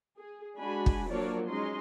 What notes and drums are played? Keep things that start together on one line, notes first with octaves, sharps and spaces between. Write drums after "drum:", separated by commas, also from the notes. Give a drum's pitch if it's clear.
G#4
G#3 D4 F#4 G#5 B5
drum: kick
F3 F#3 A#3 D4 C#5 D5
G#3 C#4 D#4 D#5 C6